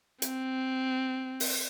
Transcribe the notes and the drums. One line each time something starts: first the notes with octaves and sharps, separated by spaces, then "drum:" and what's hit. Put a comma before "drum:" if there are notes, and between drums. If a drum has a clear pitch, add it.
C4, drum: hi-hat
drum: open hi-hat